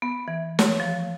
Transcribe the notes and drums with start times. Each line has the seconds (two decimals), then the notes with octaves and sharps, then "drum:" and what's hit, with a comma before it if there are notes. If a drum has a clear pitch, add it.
0.02 B3
0.28 E3
0.59 C#5, drum: snare
0.80 F3